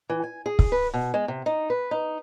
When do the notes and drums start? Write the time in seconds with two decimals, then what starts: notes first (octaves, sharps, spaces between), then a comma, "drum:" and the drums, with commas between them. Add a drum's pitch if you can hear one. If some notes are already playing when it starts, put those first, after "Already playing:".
0.09 E3
0.24 G#5
0.46 G#4
0.59 drum: kick
0.72 B4
0.94 B2
1.14 G#3
1.28 C3
1.46 D#4
1.70 B4
1.91 D#4